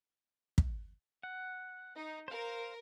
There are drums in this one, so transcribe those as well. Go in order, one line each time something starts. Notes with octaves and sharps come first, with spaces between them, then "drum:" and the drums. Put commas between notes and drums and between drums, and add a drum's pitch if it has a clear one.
drum: kick
F#5
D#4
A#4 C5 F5